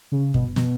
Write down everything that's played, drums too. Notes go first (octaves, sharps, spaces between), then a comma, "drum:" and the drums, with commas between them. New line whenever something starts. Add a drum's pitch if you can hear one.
C#3
B2, drum: kick F#2
B2, drum: snare